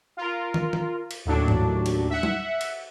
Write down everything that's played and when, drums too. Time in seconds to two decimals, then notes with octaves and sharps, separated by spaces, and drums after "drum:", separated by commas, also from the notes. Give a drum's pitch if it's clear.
0.17 F4 A#4
0.54 drum: tom
0.73 drum: tom
1.11 drum: cymbal
1.25 D#2 A2 F#3 D4
1.48 drum: tom G#2
1.86 drum: cymbal
2.10 E5 F#5
2.23 drum: tom
2.61 drum: cymbal